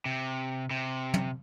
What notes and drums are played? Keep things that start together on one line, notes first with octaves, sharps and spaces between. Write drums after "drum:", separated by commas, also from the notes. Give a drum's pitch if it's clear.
C3
C3
drum: tom